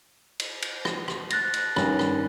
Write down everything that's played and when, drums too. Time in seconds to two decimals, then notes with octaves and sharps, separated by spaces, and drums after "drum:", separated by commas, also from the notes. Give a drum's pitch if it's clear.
0.39 drum: cymbal
0.62 drum: cymbal
0.85 drum: rim click
1.08 drum: rim click
1.30 F#6 A6 A#6, drum: cymbal
1.54 drum: cymbal
1.76 G2 D#3 C#4, drum: rim click
1.99 drum: rim click